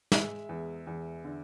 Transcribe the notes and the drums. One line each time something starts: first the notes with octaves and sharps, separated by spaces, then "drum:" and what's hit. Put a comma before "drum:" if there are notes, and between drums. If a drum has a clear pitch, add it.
G#3 E5, drum: snare
E2
E2
D3